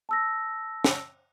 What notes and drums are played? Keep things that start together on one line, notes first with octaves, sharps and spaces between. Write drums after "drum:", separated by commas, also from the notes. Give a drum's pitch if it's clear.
A5 E6 A#6
drum: snare